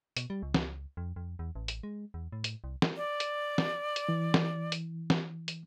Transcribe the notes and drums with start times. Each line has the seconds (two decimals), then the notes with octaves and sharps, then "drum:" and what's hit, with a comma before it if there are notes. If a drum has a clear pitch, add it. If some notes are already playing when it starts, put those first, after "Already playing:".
0.17 B2, drum: hi-hat
0.30 G3
0.43 C#2
0.54 drum: snare
0.97 F2
1.16 F2
1.39 E2
1.55 A1
1.68 drum: hi-hat
1.83 G#3
2.14 E2
2.32 A2
2.44 drum: hi-hat
2.64 C2
2.82 drum: snare
2.97 D5
3.20 drum: hi-hat
3.58 drum: snare
3.96 drum: hi-hat
4.09 E3
4.34 drum: snare
4.72 drum: hi-hat
5.10 drum: snare
5.48 drum: hi-hat